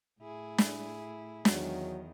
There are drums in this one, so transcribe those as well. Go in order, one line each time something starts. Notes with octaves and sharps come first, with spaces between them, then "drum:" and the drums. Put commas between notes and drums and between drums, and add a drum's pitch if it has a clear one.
A2 E4 G#4
drum: snare
E2 D#3 F#3, drum: snare